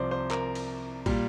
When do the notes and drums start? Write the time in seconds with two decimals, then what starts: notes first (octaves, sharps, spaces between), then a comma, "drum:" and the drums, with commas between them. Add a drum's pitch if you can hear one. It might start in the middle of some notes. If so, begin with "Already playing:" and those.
Already playing: C2 C3 F3 C5 D5
0.11 C5
0.30 A#4, drum: clap
0.55 drum: cymbal
1.06 A#2 G3, drum: kick, cymbal